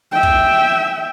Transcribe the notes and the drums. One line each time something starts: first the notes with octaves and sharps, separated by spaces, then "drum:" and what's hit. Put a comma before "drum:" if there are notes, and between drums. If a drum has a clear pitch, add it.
E5 G5
drum: kick